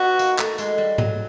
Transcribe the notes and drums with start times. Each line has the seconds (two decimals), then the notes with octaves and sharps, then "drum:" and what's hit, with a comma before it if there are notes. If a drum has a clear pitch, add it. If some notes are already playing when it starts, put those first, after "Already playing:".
Already playing: B3 D#4 F#4
0.19 A#3, drum: tambourine
0.38 A3, drum: clap
0.58 G#3, drum: tambourine
0.78 G3
0.98 F#3, drum: tom G#2